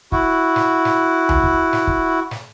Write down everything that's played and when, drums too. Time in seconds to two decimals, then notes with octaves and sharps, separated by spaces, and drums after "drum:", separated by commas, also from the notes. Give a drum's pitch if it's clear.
0.12 E4 F#4, drum: kick
0.56 drum: snare
0.85 drum: snare
1.29 drum: tom D2
1.44 drum: kick
1.73 drum: snare
1.87 drum: kick
2.31 drum: snare